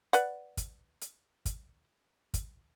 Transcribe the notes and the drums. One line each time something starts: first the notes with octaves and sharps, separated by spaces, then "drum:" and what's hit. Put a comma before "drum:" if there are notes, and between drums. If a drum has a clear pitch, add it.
B4 D5 F#5, drum: hi-hat
drum: kick, hi-hat
drum: hi-hat
drum: kick, hi-hat
drum: kick, hi-hat